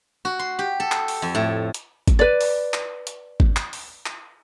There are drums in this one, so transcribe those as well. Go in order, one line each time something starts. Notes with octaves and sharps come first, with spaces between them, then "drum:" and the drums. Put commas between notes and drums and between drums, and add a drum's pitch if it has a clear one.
F#4
C6
G4
A4
drum: clap
drum: open hi-hat
F2
A2
drum: hi-hat
drum: kick G#1, hi-hat
B4 D5
drum: open hi-hat
drum: clap
drum: hi-hat
drum: kick G#1
drum: clap
drum: open hi-hat
drum: clap